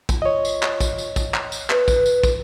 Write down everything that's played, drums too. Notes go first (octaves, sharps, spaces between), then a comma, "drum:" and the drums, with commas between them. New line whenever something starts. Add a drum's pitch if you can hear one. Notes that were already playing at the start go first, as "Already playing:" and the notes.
drum: kick, tambourine
F4 C#5 D#5
drum: tambourine
drum: clap
drum: kick, tambourine
drum: tambourine
drum: kick, tambourine
drum: clap
drum: tambourine
B4, drum: clap
drum: kick, tambourine
drum: tambourine
drum: kick, tambourine